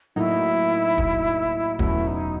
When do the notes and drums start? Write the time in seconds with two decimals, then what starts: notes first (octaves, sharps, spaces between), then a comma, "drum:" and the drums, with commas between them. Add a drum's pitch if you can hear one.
0.16 A2 F#3 A#3 D#4 E4
0.98 drum: kick
1.79 E2 B2 F#3 A3 C#4 E4, drum: kick
2.07 D#4